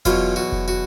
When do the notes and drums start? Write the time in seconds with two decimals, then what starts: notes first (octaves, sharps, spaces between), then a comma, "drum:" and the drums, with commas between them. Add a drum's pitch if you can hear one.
0.05 E2 B2 F#3 F4, drum: kick F1, hi-hat
0.36 F#4
0.52 drum: kick F1
0.68 F#4